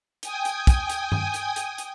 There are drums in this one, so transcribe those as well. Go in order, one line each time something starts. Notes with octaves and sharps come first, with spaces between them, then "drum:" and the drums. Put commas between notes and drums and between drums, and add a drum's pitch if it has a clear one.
G5 G#5 D#6, drum: hi-hat
drum: hi-hat
drum: kick, hi-hat
drum: hi-hat
drum: tom G2
drum: hi-hat
drum: hi-hat
drum: hi-hat